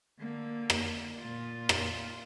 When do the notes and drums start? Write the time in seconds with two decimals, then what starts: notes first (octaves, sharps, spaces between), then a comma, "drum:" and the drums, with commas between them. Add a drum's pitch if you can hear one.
0.20 D3 A#3
0.70 drum: rim click
1.20 A#2 F4
1.69 drum: rim click